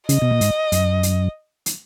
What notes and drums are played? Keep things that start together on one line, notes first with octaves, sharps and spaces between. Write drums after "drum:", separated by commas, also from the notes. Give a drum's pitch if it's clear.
C#3 D#5, drum: hi-hat
B2
A#2
G#2, drum: hi-hat
F#2, drum: hi-hat
drum: hi-hat
drum: hi-hat